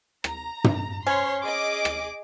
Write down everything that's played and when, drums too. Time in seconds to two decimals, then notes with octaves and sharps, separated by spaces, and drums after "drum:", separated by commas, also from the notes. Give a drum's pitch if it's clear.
0.24 A#5, drum: rim click
0.64 drum: tom
1.07 C#4 C5 C#5 C6
1.43 G#4 D#5 D6
1.85 drum: rim click